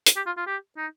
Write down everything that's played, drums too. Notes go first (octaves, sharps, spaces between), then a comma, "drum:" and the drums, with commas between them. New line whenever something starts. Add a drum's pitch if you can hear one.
drum: hi-hat
G4
F4
F4
G4
D#4